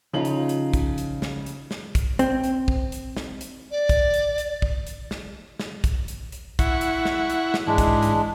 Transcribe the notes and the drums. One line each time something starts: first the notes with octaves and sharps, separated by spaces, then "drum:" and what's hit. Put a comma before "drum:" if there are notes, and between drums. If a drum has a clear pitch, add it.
C#3 F3 D#4 F4 F#7
drum: hi-hat
drum: hi-hat
drum: kick, hi-hat
drum: hi-hat
drum: snare
drum: hi-hat
drum: snare
drum: kick, hi-hat
C4, drum: hi-hat
drum: hi-hat
drum: kick
drum: hi-hat
drum: snare
drum: hi-hat
D5
drum: kick, hi-hat
drum: hi-hat
drum: hi-hat
drum: kick
drum: hi-hat
drum: snare
drum: snare
drum: kick, hi-hat
drum: hi-hat
drum: hi-hat
E4 F#5 C#6, drum: kick, hi-hat
drum: hi-hat
drum: snare
drum: hi-hat
drum: snare
G#2 E3 G#3 D4
drum: kick, hi-hat
drum: hi-hat